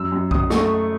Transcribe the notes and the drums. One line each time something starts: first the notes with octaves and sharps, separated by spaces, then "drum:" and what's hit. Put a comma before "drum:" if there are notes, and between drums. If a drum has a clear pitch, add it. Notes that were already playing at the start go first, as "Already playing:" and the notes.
Already playing: F#2 E6
F#2
F#2 D#6, drum: kick B1
A3 C#6, drum: snare